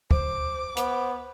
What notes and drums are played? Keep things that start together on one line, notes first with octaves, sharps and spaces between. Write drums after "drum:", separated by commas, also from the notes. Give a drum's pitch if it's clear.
C5 D6, drum: kick
B3 C5, drum: hi-hat